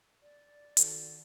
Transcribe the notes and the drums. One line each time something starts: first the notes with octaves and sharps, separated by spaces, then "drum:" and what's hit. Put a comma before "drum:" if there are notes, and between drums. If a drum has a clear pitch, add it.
D5
D#3 F#4 A4, drum: hi-hat